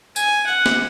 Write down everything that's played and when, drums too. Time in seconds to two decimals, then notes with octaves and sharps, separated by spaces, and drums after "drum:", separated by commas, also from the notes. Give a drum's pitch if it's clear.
0.16 G#5, drum: tambourine
0.46 F#5
0.66 drum: snare